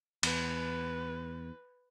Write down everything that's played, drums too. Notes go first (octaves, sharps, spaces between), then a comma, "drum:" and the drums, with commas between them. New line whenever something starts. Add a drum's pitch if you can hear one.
E2 B4, drum: cymbal